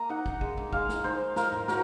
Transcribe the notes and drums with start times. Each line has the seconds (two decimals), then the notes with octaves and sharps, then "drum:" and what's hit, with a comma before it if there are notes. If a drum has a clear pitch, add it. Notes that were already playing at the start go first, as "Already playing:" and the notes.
Already playing: A#3 D#5 A#5
0.09 D#4 F#5
0.26 drum: kick
0.41 G#3, drum: kick
0.57 drum: tom A#2
0.73 G#3 F5, drum: kick
0.89 drum: snare
1.04 D#4 C5
1.36 F4 A#4, drum: snare
1.52 drum: tom
1.68 F#3 A#4, drum: snare